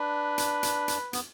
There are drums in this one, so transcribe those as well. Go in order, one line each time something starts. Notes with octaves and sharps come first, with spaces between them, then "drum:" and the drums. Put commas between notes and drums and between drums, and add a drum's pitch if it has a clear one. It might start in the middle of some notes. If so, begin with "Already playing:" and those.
Already playing: D4 B4
drum: hi-hat
drum: hi-hat
drum: hi-hat
B3, drum: hi-hat